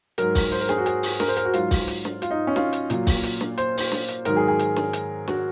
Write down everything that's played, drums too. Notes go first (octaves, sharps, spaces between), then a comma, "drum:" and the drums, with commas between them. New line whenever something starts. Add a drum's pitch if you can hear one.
G#2 F#3 A#4, drum: hi-hat
drum: kick, open hi-hat
C5
A#4
G#4, drum: snare
F#4
G#4, drum: hi-hat
drum: open hi-hat
A#4, drum: snare
C5
A#4, drum: hi-hat
F#4
G#2 F#3 F4, drum: hi-hat
drum: kick, open hi-hat
drum: hi-hat
drum: snare
F4, drum: hi-hat
D#4
C#4
F4, drum: snare
drum: hi-hat
A#2 F#3, drum: hi-hat
drum: kick, open hi-hat
drum: hi-hat
drum: snare
C5, drum: hi-hat
C5, drum: open hi-hat
drum: snare
drum: hi-hat
G#2 D#3 F#3 A#4, drum: hi-hat
G#4
G#4
drum: hi-hat
drum: snare
drum: hi-hat
F#4, drum: snare